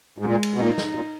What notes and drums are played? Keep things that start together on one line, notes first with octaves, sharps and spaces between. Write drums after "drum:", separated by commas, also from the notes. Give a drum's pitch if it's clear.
G#2
A#2 G#3
drum: cymbal
B2
A#2 D#4
drum: snare
A#2